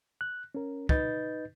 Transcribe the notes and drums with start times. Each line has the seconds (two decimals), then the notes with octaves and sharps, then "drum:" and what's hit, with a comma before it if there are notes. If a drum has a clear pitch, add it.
0.21 F#6
0.55 C#4 A#4
0.89 D#4 B4 D#5 G6 A6, drum: kick